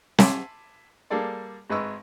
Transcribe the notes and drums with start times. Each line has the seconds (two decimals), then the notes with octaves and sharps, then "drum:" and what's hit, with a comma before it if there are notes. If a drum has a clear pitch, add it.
0.19 E5 G#5 A5 B5 C6 D6, drum: snare
1.10 G3 A#3 G#4 A4 D5
1.70 G#1 G#3 B4 C#6 E6